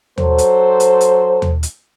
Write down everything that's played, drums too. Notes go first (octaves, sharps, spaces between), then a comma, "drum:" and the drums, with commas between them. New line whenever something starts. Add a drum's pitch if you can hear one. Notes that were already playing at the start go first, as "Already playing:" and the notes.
F#3 A4 C5, drum: tom D#2
drum: hi-hat
drum: hi-hat
drum: hi-hat
drum: tom D#2
drum: hi-hat